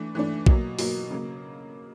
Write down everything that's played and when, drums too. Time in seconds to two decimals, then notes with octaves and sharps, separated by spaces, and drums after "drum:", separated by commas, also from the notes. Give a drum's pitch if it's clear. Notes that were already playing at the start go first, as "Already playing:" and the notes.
Already playing: E3 A3 D4
0.15 E3 A3 D4
0.46 B2 F#3 A#3, drum: kick A#1
0.79 B2 F#3 A#3, drum: open hi-hat
1.10 C#3 F#3 A#3